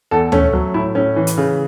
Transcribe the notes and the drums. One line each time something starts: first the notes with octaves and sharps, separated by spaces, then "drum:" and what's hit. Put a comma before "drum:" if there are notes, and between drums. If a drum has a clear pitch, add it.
E2 A4
A3 C#4, drum: tom
F#3
A2 E4
A2 C#4
E3
drum: hi-hat
C#3